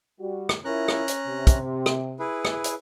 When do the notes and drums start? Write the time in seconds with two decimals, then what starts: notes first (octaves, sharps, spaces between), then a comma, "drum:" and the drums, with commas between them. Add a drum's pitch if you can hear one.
0.20 G3 F#4
0.49 drum: rim click
0.65 C#4 E4 F4 A#4 A#5 F#6
0.88 drum: rim click
1.08 drum: hi-hat
1.27 C3
1.47 drum: kick, hi-hat
1.86 drum: rim click
2.19 E4 G#4 B4
2.45 drum: rim click
2.64 drum: hi-hat